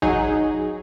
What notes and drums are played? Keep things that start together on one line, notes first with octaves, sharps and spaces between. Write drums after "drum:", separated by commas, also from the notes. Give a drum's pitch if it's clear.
F#3 D#4 G#4, drum: kick